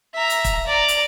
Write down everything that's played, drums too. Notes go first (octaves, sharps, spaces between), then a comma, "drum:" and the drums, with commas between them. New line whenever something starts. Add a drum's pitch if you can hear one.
E5 A#5
drum: hi-hat
drum: kick, hi-hat
D5 A#5
drum: hi-hat